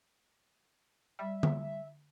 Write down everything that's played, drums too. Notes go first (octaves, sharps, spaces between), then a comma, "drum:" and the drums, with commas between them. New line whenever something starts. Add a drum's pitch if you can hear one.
G3 E5
drum: tom D3